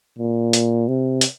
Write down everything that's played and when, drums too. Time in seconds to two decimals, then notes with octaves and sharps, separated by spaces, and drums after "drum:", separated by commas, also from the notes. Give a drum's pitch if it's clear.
0.19 A#2
0.53 drum: hi-hat
0.88 C3
1.21 drum: hi-hat